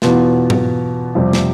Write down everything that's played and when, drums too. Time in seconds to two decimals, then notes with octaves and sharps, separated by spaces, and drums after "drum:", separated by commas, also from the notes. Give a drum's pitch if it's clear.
0.02 E2 B2 B3 F4, drum: snare
0.50 drum: tom
1.15 F2 C3 G3
1.33 drum: snare